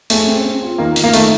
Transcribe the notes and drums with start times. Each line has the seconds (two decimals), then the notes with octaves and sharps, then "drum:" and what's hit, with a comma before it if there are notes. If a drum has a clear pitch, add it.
0.10 A3 G#4, drum: hi-hat
0.27 C4
0.45 C4
0.62 F4
0.78 D#3 A#3
0.96 D#3, drum: hi-hat
1.04 A#3
1.13 D#3 A3, drum: hi-hat